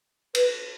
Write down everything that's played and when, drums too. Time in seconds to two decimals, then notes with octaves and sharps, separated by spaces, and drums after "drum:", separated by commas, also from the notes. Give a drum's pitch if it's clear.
0.35 B4, drum: cymbal